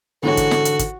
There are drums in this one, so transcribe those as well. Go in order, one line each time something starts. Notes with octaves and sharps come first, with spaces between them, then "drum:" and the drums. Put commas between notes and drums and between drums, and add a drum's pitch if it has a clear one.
G#2 D3 E3 F#4 A4 C#5
drum: kick, hi-hat
drum: snare
drum: hi-hat
drum: kick, hi-hat